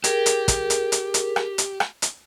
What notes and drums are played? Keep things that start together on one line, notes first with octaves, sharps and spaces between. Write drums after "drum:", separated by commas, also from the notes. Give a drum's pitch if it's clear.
G4 G#4 A#4, drum: hi-hat
drum: hi-hat
drum: kick, hi-hat
drum: hi-hat
drum: hi-hat
drum: hi-hat
drum: rim click
drum: hi-hat
drum: rim click
drum: hi-hat